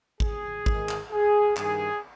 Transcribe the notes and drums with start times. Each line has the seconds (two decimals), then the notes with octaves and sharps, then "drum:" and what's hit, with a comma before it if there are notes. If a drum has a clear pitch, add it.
0.20 G#4, drum: kick G#1
0.66 G#2 D#3, drum: kick G#1
0.89 drum: clap
1.11 G#4
1.57 G2 D#3 G#4, drum: clap